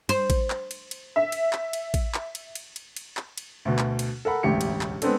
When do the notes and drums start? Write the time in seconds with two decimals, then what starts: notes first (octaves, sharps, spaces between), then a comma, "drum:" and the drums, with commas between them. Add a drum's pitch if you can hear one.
0.09 C5, drum: cymbal
0.30 drum: kick A1, cymbal
0.50 drum: clap
0.71 drum: cymbal
0.91 drum: cymbal
1.16 E5
1.32 drum: cymbal
1.53 drum: clap
1.73 drum: cymbal
1.94 drum: kick A1, cymbal
2.14 drum: clap
2.35 drum: cymbal
2.55 drum: cymbal
2.76 drum: cymbal
2.96 drum: cymbal
3.17 drum: clap
3.38 drum: cymbal
3.65 D2 B2
3.79 drum: clap
3.99 drum: cymbal
4.25 A4 A#4 F#5 B5
4.43 E1 A1 D2 G4 C#7
4.61 drum: cymbal
4.81 drum: clap
5.02 G#3 B3 C4 D4 A4, drum: cymbal